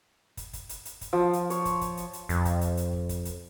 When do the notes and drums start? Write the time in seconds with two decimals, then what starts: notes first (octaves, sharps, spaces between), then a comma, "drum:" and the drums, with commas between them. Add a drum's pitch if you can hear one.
0.37 drum: kick, hi-hat
0.53 drum: kick, hi-hat
0.69 drum: hi-hat
0.85 drum: hi-hat
1.01 drum: kick, hi-hat
1.13 F3
1.33 drum: hi-hat
1.50 C#5, drum: hi-hat
1.65 drum: kick, hi-hat
1.81 drum: kick, hi-hat
1.97 drum: hi-hat
2.13 drum: hi-hat
2.29 F2, drum: kick, hi-hat
2.45 drum: kick, hi-hat
2.61 drum: hi-hat
2.77 drum: hi-hat
2.93 drum: kick
3.09 drum: kick, hi-hat
3.25 drum: hi-hat